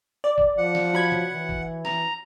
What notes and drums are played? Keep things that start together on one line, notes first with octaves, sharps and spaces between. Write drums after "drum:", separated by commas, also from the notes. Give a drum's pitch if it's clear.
D5
drum: kick
F3 F#5
drum: snare
F#3 B5 G#6
drum: tom C3
E3
drum: kick
A#5, drum: snare